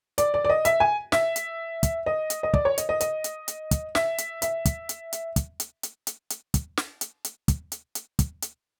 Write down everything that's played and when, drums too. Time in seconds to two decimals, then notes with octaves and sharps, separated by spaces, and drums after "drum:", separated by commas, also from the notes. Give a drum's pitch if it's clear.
0.18 D5, drum: hi-hat
0.34 D5
0.45 D5
0.50 D#5
0.65 E5, drum: hi-hat
0.80 G#5
1.12 E5, drum: snare
1.36 drum: hi-hat
1.83 drum: kick, hi-hat
2.06 D#5
2.30 drum: hi-hat
2.43 D#5
2.54 D5, drum: kick
2.65 C#5
2.78 D#5, drum: hi-hat
2.89 D#5
3.01 D#5, drum: hi-hat
3.24 drum: hi-hat
3.48 drum: hi-hat
3.71 drum: kick, hi-hat
3.95 E5, drum: snare
4.18 drum: hi-hat
4.42 E5, drum: hi-hat
4.65 drum: kick, hi-hat
4.89 drum: hi-hat
5.13 drum: hi-hat
5.36 drum: kick, hi-hat
5.60 drum: hi-hat
5.83 drum: hi-hat
6.07 drum: hi-hat
6.30 drum: hi-hat
6.54 drum: kick, hi-hat
6.77 drum: snare
7.01 drum: hi-hat
7.25 drum: hi-hat
7.48 drum: kick, hi-hat
7.72 drum: hi-hat
7.95 drum: hi-hat
8.19 drum: kick, hi-hat
8.42 drum: hi-hat